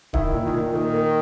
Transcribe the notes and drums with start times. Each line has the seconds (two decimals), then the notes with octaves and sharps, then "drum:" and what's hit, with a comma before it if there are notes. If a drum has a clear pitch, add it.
0.13 D#3 E4, drum: kick D1
0.33 A#2
0.43 D#3
0.53 A#2
0.73 D#3 A#3
0.93 A#3